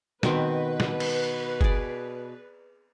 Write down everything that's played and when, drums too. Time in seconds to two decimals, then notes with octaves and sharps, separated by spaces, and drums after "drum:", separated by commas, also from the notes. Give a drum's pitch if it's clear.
0.23 B2 D#3 C4 B4, drum: snare
0.80 drum: snare
1.00 drum: cymbal
1.61 G#4 D5, drum: kick